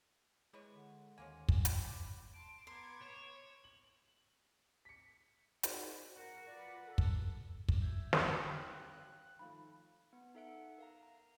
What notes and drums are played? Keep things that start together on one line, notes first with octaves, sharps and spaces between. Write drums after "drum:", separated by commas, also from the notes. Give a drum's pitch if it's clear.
G#3 E4 B4 C#5
D3
D#2 A#3 C4 C#4 G#5
drum: kick
drum: hi-hat
F#3 G3 B4
A5 C6 D7
B3 A#5 C6 D6 G#6
C#5 E7
F#7
B6 C#7
D#4 F#4 G#4 A#4 C5 D5, drum: hi-hat
F#4 A#4
F4 A#4 B4 D5 F#5
A4
drum: kick
drum: kick
E5 G6 G#6
drum: snare
G#2 F#4 C#5 F5 G5 F#6
D#3 F3 A3 F5 B5
B3
D#4 A4 E5 F#5 D7
A#4 F5 A#5
A#5